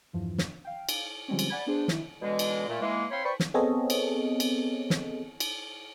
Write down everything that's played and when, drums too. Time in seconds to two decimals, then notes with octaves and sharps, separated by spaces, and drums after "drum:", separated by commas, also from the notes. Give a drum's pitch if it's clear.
0.13 E2 G2 E3 F3
0.38 drum: snare
0.65 F5 G5
0.89 drum: cymbal
1.28 D3 F3 G3 G#3 C4 C#4
1.39 drum: cymbal
1.49 D5 F#5 G#5 B5 G#6 A6
1.66 B3 D4 G#4 C5
1.88 D#3 E4, drum: snare
2.22 B2 D3 E3 G#3
2.39 drum: cymbal
2.68 A#2 A3
2.81 E3 G#3 A#3
3.11 C4 C5 C#5 F5 B5 C6
3.24 B4 C5 D5 G5 B5 C#6
3.40 drum: snare
3.54 B3 C4 G#4 A4 C#5 D#5
3.90 drum: cymbal
4.40 drum: cymbal
4.90 drum: snare
5.40 drum: cymbal